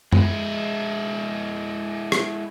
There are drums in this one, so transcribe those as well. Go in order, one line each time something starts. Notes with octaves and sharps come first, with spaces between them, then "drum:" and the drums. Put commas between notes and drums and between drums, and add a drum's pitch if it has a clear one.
G#3 E4, drum: tom F#2
drum: rim click